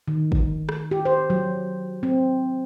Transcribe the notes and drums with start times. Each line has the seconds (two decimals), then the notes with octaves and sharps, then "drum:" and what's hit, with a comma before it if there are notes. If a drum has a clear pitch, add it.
0.08 D#3
0.32 drum: kick
0.69 drum: rim click
0.91 G4
1.05 C5
1.30 F#3
2.03 C4